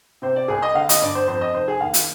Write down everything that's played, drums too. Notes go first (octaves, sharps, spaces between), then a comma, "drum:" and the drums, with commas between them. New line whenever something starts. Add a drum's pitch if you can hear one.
C3 C5
D5
C2 G#4
D#5
D3 F5
D#5, drum: hi-hat
G2 D5
C5
F2 C5
D#5
F1 C5
G#4
D#2 F5
drum: hi-hat